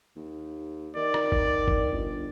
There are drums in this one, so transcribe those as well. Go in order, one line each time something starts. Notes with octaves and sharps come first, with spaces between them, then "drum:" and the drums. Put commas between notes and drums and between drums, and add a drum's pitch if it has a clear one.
D#2
D#3 D5
drum: rim click
drum: kick G1
drum: kick G1
G1